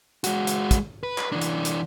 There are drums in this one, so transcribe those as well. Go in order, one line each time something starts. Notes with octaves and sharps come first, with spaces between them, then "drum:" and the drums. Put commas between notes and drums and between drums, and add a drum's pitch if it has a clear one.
G#3 F#4, drum: hi-hat
drum: hi-hat
drum: kick, hi-hat
B4
drum: clap
E3 D4
drum: hi-hat
drum: hi-hat